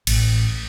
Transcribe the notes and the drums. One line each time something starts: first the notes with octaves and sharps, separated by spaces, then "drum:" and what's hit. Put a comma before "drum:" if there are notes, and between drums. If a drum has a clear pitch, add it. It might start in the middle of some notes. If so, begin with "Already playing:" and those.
A1, drum: cymbal